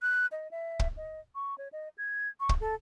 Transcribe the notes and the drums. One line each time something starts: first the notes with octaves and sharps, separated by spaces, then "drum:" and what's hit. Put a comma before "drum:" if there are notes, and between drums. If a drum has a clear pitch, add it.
F#6
D#5
E5
drum: kick
D#5
C#6
C#5
D#5
G#6
C#6
drum: kick
A4